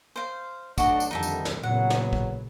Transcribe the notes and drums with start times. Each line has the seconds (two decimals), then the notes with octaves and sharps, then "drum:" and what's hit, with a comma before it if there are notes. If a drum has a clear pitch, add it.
0.16 C5 F5
0.78 B1 A3 D4 F#4 D#5, drum: kick, tambourine
1.00 drum: tambourine
1.11 F2 D3 D#3 G3 D#4 E5 A5
1.23 drum: tambourine
1.45 drum: snare
1.63 E2 A#2 C#3 F#3 B3 F#5
1.90 drum: snare
2.13 drum: kick